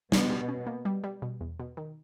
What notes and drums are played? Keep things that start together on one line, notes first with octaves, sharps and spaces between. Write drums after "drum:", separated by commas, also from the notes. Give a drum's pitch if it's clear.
B2 G3, drum: snare
G3
C#4
A#3
G3
G3
B2
E2
B2
D#3